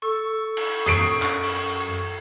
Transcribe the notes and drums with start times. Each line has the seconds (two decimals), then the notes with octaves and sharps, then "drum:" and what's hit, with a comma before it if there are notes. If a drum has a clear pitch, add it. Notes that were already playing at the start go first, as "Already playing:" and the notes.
0.02 A4 C#6 E6
0.57 drum: cymbal
0.86 F#2 D#6 C7 D7, drum: hi-hat
1.22 drum: clap
1.43 drum: cymbal